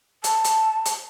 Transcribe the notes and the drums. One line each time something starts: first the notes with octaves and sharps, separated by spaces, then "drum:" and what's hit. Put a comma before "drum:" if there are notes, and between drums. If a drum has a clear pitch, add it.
A5, drum: hi-hat
drum: hi-hat
drum: hi-hat